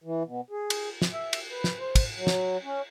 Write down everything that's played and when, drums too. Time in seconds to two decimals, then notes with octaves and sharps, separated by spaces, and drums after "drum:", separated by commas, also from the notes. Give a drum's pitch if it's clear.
0.04 E3
0.25 B2
0.51 G#4
0.70 drum: cymbal
1.02 drum: snare
1.13 E5
1.33 drum: cymbal
1.51 B4
1.64 drum: snare
1.80 C5
1.95 drum: kick, cymbal
2.16 F#3
2.27 drum: snare
2.63 C#4